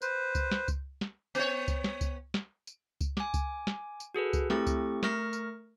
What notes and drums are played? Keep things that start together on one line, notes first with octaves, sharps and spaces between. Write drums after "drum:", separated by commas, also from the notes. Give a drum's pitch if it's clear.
B4 C5, drum: tambourine
drum: kick C#2, tambourine
drum: snare
drum: kick C#2, tambourine
drum: snare
B3 C#5, drum: tambourine
drum: kick C#2, tambourine
drum: snare
drum: kick C#2, tambourine
drum: snare
drum: tambourine
drum: kick C#2, tambourine
G#5 D6, drum: snare
drum: kick C#2, tambourine
drum: snare
drum: tambourine
F#4 G#4 A4 B4
drum: kick C#2, tambourine
A3 C4 E4 G4 A4 C#6, drum: snare
drum: kick C#2, tambourine
A3 A#4 C#6 F6 A#6, drum: snare
drum: tambourine